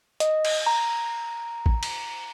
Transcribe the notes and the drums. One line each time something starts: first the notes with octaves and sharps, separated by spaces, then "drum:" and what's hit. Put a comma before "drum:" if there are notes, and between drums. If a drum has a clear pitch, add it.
D#5, drum: hi-hat
drum: cymbal
A#5
drum: kick A1
drum: cymbal